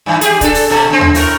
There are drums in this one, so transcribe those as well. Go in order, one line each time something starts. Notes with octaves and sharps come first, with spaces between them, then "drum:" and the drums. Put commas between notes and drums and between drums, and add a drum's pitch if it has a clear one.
G2 E3
G4 G#4, drum: hi-hat
D4 A4, drum: kick, hi-hat
drum: open hi-hat
B2 A4
C#3 C4
drum: tom D#2
A2 E4 A#4, drum: open hi-hat